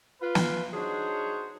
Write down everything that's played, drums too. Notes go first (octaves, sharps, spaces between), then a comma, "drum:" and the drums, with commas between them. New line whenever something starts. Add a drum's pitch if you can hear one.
F4 B4
drum: snare
D4 D#4 F#4 G#4 C5 C#5